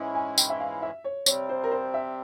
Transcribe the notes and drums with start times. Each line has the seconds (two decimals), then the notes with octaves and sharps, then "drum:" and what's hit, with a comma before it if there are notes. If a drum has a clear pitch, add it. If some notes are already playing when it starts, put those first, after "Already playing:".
Already playing: G#2 E3 G#3 C#4 E4
0.15 G#5
0.38 G5, drum: tambourine
0.50 E5
0.60 F5
0.82 E5
1.04 C#5
1.26 C3 G3 C4 C#5, drum: tambourine
1.49 C5
1.64 A#4
1.71 C5
1.94 E5